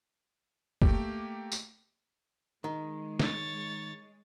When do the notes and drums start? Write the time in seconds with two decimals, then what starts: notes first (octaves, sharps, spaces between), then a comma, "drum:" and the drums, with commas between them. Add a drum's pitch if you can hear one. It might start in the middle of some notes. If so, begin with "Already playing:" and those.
0.82 A3 A#3 G4, drum: kick F#1
1.52 drum: tambourine
2.64 D#3 G#3
3.19 C#5 A6, drum: snare